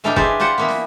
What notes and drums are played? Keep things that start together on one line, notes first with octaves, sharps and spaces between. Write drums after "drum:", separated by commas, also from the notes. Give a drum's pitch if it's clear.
A2 E3 D4 D#4 F5 G5
G4 G#4 B4 C5 D5, drum: kick F1
F4 G4 C5 F#5
E3 A#3 B3
drum: snare